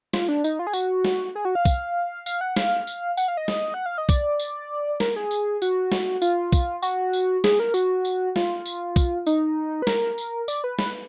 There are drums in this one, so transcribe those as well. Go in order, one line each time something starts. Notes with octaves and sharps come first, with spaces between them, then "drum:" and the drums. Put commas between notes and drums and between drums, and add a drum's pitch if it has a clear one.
F4, drum: snare
D4
D#4, drum: tambourine
F4
G#4
F#4, drum: tambourine
drum: snare
G#4
F#4
F5
drum: kick, tambourine
F5, drum: tambourine
F#5
F5, drum: snare
drum: tambourine
F#5, drum: tambourine
F5
D#5
drum: snare
F#5
F5
D#5
D5, drum: kick, tambourine
drum: tambourine
A#4, drum: snare
G#4
drum: tambourine
F#4, drum: tambourine
drum: snare
F4, drum: tambourine
drum: kick, tambourine
F#4, drum: tambourine
drum: tambourine
G#4, drum: snare
A#4
F#4, drum: tambourine
drum: tambourine
F4, drum: snare
drum: tambourine
drum: kick, tambourine
D#4, drum: tambourine
B4
A#4, drum: snare
drum: tambourine
D5, drum: tambourine
B4
B4, drum: snare